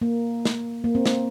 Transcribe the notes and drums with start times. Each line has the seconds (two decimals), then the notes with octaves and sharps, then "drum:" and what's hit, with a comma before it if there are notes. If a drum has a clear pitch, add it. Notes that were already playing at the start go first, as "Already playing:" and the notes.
0.02 A#3
0.45 drum: snare
0.84 A#3
0.95 C4
1.06 drum: snare